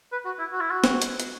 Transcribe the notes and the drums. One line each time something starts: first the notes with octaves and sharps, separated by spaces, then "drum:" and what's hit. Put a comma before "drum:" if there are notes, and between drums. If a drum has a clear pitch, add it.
B4
F#4
E4
F#4
E4
F#4
drum: snare
drum: hi-hat
drum: hi-hat